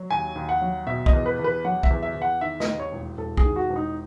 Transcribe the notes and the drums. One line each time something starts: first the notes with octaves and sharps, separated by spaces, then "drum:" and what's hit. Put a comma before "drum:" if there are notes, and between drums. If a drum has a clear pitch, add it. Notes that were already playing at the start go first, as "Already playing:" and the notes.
Already playing: F#3
D#2 G#5
D#2
F#5
F#3
B2 E5
D#5, drum: kick
E2
B4
E2
B4
F#3 F#5
E5, drum: kick
E2
E5
E2
F#5
D#3 E5
D#5, drum: snare
D#2
C#5
E1
E1 A4
G#4, drum: kick
D#3
F#4
E1
D#4